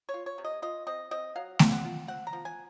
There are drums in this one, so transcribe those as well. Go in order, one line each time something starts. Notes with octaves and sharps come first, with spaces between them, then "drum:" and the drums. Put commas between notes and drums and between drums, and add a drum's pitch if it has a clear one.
C#5
F4
C#5
C3
D#5
F4 D#5
C4 D#5
C4 D#5
F#3 F5
C3, drum: snare A3
F#5
F4
C4 F#5
A#5
F3
G#5